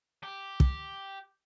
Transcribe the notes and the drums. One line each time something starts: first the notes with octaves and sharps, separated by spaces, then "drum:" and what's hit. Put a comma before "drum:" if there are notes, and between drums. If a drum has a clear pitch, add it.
G4
drum: kick